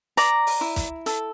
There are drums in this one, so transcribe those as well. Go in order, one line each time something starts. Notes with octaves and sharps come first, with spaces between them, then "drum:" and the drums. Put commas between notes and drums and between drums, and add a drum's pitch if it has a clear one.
D5 A#5, drum: hi-hat
drum: open hi-hat
E4
drum: kick, hi-hat
A4, drum: hi-hat